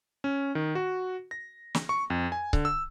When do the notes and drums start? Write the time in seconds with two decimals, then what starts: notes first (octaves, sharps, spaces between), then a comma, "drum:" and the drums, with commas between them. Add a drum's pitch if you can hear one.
0.24 C#4
0.55 D#3
0.75 F#4
1.31 A#6
1.75 drum: snare
1.89 C#6
2.10 F2
2.32 G#5
2.53 D3, drum: kick C#1
2.65 E6